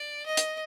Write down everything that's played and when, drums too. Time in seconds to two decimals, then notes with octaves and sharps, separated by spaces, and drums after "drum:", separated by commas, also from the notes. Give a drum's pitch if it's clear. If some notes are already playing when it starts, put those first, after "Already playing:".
Already playing: D5
0.26 D#5
0.37 drum: hi-hat